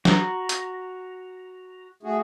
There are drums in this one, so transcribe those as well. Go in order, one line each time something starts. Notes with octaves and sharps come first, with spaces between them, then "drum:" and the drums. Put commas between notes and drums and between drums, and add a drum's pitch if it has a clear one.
F#4 A#5, drum: snare
drum: hi-hat
A3 F#4 G#4